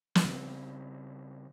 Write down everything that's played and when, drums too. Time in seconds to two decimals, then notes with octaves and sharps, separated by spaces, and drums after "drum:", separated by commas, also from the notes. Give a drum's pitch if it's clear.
0.15 drum: snare
0.25 C#3 G3 B3 C4